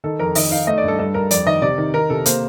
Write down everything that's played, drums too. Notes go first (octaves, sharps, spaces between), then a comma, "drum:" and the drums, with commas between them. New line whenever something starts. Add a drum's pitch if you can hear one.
D#3 A4
F2 A#4
D#3 D#5, drum: open hi-hat
D#4 F5
A3 D#5
D5
G2
A4
G2 A4
G2 A#4
F2 D5, drum: hi-hat
D#3 D#5
C3 D5
D#3
D#3 A#4
C3 A4
A#3 C5, drum: hi-hat